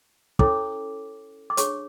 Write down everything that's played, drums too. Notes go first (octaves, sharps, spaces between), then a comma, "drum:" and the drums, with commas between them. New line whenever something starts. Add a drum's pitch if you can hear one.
C#4 E4 A4 C#5 D6, drum: kick
D6
D4 G#4 C#5 C#6, drum: hi-hat